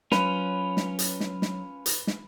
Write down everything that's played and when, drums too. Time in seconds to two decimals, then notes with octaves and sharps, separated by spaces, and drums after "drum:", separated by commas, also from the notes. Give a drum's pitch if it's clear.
0.12 F#3 C#4 F4 B4, drum: snare
0.77 drum: snare
0.99 drum: hi-hat
1.20 drum: snare
1.42 drum: snare
1.86 drum: hi-hat
2.07 drum: snare